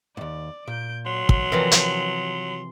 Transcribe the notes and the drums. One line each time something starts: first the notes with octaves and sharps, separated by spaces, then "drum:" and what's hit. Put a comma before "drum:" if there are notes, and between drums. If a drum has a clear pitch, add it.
D#2 G#2 D5
A#2 G6 D7
F#3 C6
drum: kick
C3 E3 F3 A#4 B4 D5
drum: hi-hat